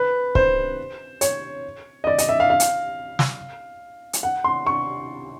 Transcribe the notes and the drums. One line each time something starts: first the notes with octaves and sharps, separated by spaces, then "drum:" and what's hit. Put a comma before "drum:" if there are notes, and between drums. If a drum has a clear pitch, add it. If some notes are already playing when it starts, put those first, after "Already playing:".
Already playing: B4
C5, drum: kick
C#5, drum: hi-hat
D#5
D5
D#5, drum: hi-hat
E5
F5
F5
drum: hi-hat
drum: snare
drum: hi-hat
F#5
C6
C#6